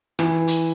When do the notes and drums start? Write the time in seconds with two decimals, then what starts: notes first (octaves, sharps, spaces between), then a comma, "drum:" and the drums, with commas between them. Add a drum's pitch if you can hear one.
0.19 E3, drum: rim click
0.48 drum: hi-hat